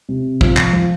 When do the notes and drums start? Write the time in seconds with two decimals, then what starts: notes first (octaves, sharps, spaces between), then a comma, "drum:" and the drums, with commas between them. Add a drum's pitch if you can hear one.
0.09 C3
0.41 F3, drum: kick
0.57 drum: clap
0.73 F3